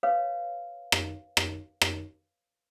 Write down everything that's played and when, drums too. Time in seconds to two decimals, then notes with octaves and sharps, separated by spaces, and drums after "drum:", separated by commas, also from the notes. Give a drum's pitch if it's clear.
0.03 B4 C#5 F5
0.92 drum: rim click
1.37 drum: rim click
1.82 drum: rim click